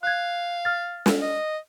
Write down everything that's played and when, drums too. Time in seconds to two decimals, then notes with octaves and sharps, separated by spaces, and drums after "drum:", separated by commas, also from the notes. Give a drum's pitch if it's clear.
0.03 F5 F#6 G#6
0.65 F6 A6
1.06 drum: snare
1.22 D#5